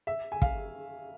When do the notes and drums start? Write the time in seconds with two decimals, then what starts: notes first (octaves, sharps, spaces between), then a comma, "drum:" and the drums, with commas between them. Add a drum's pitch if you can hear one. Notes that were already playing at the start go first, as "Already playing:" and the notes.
0.07 E5
0.32 G#5
0.42 F5, drum: kick